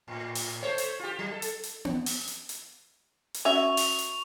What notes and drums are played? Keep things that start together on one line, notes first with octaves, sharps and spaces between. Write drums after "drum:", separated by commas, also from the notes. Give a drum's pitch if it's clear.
A2
drum: open hi-hat
A3 C5 C#5
drum: hi-hat
F4 G4
F#3
A4
drum: hi-hat
drum: hi-hat
drum: tom B3
drum: open hi-hat
drum: hi-hat
drum: hi-hat
drum: hi-hat
C#4 F#4 E5 C#6 F7
drum: open hi-hat
drum: hi-hat